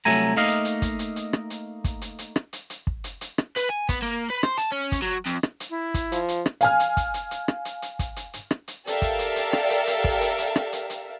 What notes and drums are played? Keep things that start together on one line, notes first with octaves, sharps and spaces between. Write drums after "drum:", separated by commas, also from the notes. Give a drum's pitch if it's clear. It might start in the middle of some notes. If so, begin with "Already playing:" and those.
C2 F#3 A3 G#5 A#5
A3 A#3 D#4 D#5 F5
drum: hi-hat
drum: hi-hat
drum: kick, hi-hat
drum: hi-hat
drum: hi-hat
drum: rim click
drum: hi-hat
drum: kick, hi-hat
drum: hi-hat
drum: hi-hat
drum: rim click
drum: hi-hat
drum: hi-hat
drum: kick
drum: hi-hat
drum: hi-hat
drum: rim click
B4, drum: hi-hat
G#5
B3, drum: kick, hi-hat
A#3
B4
C5, drum: rim click
A5, drum: hi-hat
C#4
drum: kick, hi-hat
F#3
F2, drum: hi-hat
drum: rim click
drum: hi-hat
E4
drum: kick, hi-hat
F3, drum: hi-hat
drum: hi-hat
drum: rim click
F5 G#5 F6, drum: hi-hat
drum: hi-hat
drum: kick, hi-hat
drum: hi-hat
drum: hi-hat
drum: rim click
drum: hi-hat
drum: hi-hat
drum: kick, hi-hat
drum: hi-hat
drum: hi-hat
drum: rim click
drum: hi-hat
G4 A4 A#4 D5 E5 F5, drum: hi-hat
drum: kick, hi-hat
drum: hi-hat
drum: hi-hat
drum: rim click
drum: hi-hat
drum: hi-hat
drum: kick
drum: hi-hat
drum: hi-hat
drum: rim click
drum: hi-hat
drum: hi-hat